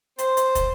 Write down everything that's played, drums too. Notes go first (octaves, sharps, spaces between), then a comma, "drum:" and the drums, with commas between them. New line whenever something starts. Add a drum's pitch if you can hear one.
C5, drum: hi-hat
drum: hi-hat
drum: kick, hi-hat